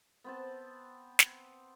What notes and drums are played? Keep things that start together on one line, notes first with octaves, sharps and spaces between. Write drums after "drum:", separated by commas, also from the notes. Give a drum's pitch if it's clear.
B3 C4 A5
drum: snare